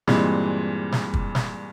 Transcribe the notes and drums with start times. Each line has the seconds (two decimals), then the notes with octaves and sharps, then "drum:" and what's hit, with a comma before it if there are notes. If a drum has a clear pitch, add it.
0.07 G2 A#2 E3 G#3 C4, drum: snare
0.92 drum: snare
1.14 drum: kick
1.35 drum: snare